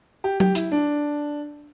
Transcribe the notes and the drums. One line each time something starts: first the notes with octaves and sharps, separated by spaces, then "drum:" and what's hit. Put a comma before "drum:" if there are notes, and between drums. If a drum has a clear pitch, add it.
G4
G4, drum: tom F#3
E4, drum: hi-hat
D4